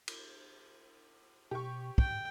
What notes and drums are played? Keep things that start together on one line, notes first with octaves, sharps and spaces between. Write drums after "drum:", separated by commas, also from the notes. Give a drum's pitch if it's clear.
drum: cymbal
B2 G4 C#6
G#2 G5, drum: kick